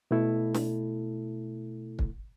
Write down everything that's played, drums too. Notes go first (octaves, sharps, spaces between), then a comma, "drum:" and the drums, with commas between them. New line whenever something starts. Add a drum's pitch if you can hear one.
B2 A3 E4 A4
drum: snare
drum: kick